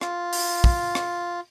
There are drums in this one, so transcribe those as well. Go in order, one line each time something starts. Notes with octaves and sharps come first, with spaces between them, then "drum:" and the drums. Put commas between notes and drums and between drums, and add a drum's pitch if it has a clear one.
F4, drum: rim click
drum: open hi-hat
drum: kick
drum: rim click